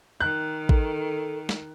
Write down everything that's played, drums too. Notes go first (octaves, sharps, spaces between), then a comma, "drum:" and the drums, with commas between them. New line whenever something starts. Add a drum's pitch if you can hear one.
D#3 F#6
A4, drum: kick
drum: snare